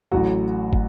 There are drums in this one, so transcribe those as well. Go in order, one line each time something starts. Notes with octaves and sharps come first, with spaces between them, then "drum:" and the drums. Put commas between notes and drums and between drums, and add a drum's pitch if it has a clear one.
A1 A2 F#3 F#4
drum: kick